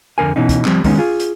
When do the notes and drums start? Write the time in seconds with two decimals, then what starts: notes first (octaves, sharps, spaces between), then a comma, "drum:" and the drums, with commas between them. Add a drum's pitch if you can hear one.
0.18 F2 D3 A#4 G#5
0.36 B2 E3 C#4 D#4
0.49 drum: kick, hi-hat
0.65 F3 G3 C4, drum: clap
0.84 D#3 G#3 B3 C#4 D#4, drum: kick, open hi-hat
0.98 F4 G#4
1.20 drum: hi-hat